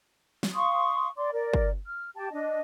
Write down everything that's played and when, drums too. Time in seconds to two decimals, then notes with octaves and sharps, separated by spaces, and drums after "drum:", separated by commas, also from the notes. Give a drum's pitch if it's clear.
0.43 drum: snare
0.54 F5 C6 C#6 D#6
1.17 D5 C6 D6
1.32 A#4 D5
1.54 drum: kick
1.86 F6
2.16 G4 G5 A5
2.32 D4 D#5